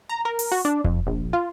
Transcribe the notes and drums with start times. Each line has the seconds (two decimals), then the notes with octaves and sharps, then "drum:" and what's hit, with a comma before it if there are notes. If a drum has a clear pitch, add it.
0.09 A#5
0.25 A#4
0.39 drum: open hi-hat
0.52 F#4
0.65 D4
0.84 F2, drum: kick E1
1.07 A#1
1.33 F4